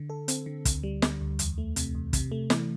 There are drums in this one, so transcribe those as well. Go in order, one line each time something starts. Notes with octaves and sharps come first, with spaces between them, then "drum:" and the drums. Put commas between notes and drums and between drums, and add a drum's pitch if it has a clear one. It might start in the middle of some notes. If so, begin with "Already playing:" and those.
Already playing: D3
A4
C4, drum: hi-hat
D3
D2, drum: kick, hi-hat
G3
D3, drum: snare
D2
E2, drum: hi-hat
A3
C3, drum: hi-hat
E2
C3, drum: kick, hi-hat
A3
E3, drum: snare